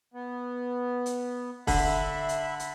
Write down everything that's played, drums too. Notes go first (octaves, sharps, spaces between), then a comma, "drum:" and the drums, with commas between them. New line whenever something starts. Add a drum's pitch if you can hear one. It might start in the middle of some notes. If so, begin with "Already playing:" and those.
B3
drum: hi-hat
D3 E5 B5, drum: kick, open hi-hat
drum: hi-hat
drum: hi-hat